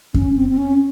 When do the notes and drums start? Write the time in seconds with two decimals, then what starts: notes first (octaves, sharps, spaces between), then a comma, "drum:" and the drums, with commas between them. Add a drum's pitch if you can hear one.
0.14 C#4, drum: kick F2
0.36 C4
0.49 C4
0.58 C#4